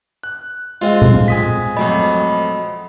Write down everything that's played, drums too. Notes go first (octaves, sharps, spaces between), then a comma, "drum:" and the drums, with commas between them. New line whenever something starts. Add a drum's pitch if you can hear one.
F#6
G#3 C4 F4 F5
drum: tom A#2
G#5 D#6 B6
F2 F#3 A3 D#5 B5